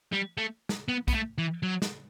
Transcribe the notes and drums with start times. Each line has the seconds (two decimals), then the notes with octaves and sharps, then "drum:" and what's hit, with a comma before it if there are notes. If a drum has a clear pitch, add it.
0.13 G3
0.38 A3
0.69 drum: snare
0.88 B3
1.08 B3, drum: kick, hi-hat
1.13 A3
1.38 E3
1.63 F#3
1.82 drum: snare